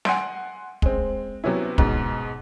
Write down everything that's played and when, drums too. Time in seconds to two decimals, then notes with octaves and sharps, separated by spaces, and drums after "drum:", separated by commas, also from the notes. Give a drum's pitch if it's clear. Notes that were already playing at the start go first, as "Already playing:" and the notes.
0.05 F#5 G#5 C6 D7, drum: snare
0.82 G#3 C4, drum: kick
1.44 C3 F#3 B3 C#4 E4
1.78 G#2 B2, drum: kick